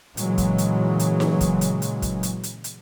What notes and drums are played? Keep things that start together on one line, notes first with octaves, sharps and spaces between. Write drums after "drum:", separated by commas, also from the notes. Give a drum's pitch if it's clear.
A#2 C#3 E3 F#3 G#3, drum: hi-hat
drum: kick, hi-hat
drum: hi-hat
drum: hi-hat
drum: snare D#4
drum: kick, hi-hat
drum: hi-hat
drum: hi-hat
drum: kick, hi-hat
drum: hi-hat
drum: hi-hat
drum: hi-hat